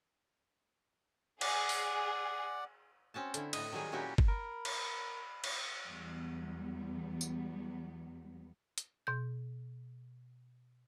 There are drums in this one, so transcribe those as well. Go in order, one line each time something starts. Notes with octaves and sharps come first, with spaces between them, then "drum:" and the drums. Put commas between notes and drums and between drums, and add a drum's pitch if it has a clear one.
G#4 D5 F#5, drum: cymbal
drum: open hi-hat
C4 C#4 F#4 A5
D3 E4, drum: hi-hat
A2 D#5, drum: cymbal
D#3 F#3 G3 G#4
A#2 F#3 C#4 E4 F#4 G4
drum: kick G1
A#4 B5
drum: cymbal
drum: cymbal
E2 F#3 G3 B3
drum: tambourine
drum: hi-hat
B2 G6